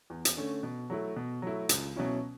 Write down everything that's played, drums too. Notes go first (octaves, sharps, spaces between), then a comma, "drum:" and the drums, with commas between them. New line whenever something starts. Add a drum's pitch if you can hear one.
E2
drum: hi-hat
D3 A3 C#4
B2
F#3 A3 E4
B2
F#3 A3 E4
C#2, drum: hi-hat
B2 F#3 C#4 E4